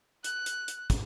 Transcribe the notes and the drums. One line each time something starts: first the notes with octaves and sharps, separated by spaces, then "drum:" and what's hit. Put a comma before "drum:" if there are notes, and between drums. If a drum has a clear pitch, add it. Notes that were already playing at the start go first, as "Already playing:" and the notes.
F#6, drum: hi-hat
drum: hi-hat
drum: hi-hat
drum: kick, hi-hat